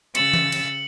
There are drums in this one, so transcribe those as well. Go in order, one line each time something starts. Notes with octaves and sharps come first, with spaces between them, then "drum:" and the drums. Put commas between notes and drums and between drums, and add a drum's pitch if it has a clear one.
C#3 E6 A6 C#7 F#7, drum: cymbal
drum: tom E3
drum: cymbal